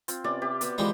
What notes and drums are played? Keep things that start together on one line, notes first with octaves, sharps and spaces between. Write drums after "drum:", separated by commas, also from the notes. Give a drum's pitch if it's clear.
C4 F4, drum: hi-hat
C3 B3 C#4 D5
C3 G4
B3 F#4 B4, drum: hi-hat
E3 F3 G3 G#3 A#4 G5